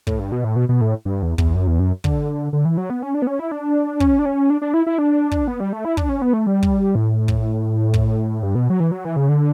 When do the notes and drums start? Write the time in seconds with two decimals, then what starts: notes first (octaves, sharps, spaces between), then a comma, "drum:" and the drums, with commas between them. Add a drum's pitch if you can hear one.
0.07 A2, drum: kick
0.19 G2
0.32 B2
0.44 A2
0.56 B2
0.69 B2
0.81 A2
1.05 G2
1.22 E2
1.38 E2, drum: kick
1.55 F#2
1.67 E2
1.79 F#2
2.04 D3, drum: kick
2.53 D3
2.65 E3
2.77 F#3
2.90 B3
3.02 C#4
3.14 D4
3.22 B3
3.27 C#4
3.39 E4
3.51 D4
4.00 C#4, drum: kick
4.19 D4
4.25 C#4
4.50 D4
4.62 D4
4.74 E4
4.87 E4
4.98 D4
5.31 drum: kick
5.48 B3
5.60 G3
5.73 A3
5.85 E4
5.97 D4, drum: kick
6.09 C#4
6.22 B3
6.33 A3
6.46 G3
6.63 drum: kick
6.95 A2
7.28 drum: kick
7.94 drum: kick
8.43 G2
8.55 B2
8.70 F#3
8.80 E3
8.91 F#3
9.05 E3
9.16 C#3
9.29 D3